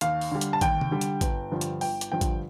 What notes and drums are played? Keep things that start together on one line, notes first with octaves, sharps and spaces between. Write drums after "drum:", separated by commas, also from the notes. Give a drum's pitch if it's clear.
D#2 F5, drum: hi-hat
drum: open hi-hat
D3 G3
drum: hi-hat
A5
D#2 G5, drum: kick, hi-hat
drum: tom C3
D3 G3
drum: hi-hat
G1, drum: kick, hi-hat
G2 D3 F3
drum: hi-hat
G1 G5, drum: open hi-hat
drum: hi-hat
G2 D3 F3 G5
drum: kick, hi-hat